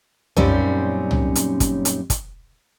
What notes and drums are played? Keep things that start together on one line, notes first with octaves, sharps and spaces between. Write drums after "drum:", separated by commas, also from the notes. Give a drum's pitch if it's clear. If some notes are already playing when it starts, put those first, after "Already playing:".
F#2 A#2 G3 C4 C#4 D#4, drum: tom
drum: tom
drum: hi-hat
drum: kick, hi-hat
drum: hi-hat
drum: kick, hi-hat